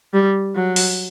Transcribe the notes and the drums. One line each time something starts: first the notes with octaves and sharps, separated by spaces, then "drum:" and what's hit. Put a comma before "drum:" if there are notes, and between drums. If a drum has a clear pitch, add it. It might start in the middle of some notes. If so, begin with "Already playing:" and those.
G3
F#3
drum: open hi-hat